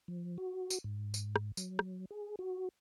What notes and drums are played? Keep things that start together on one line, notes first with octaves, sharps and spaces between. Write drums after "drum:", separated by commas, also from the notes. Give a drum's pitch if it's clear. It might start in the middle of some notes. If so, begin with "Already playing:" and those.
F3
F#4
drum: tambourine
G#2
drum: tambourine
drum: rim click
F#3, drum: tambourine
drum: rim click
G#4
F#4